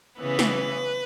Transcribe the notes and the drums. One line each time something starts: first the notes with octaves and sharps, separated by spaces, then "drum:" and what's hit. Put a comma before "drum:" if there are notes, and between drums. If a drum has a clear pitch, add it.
C#3 E3 B3 B4
drum: snare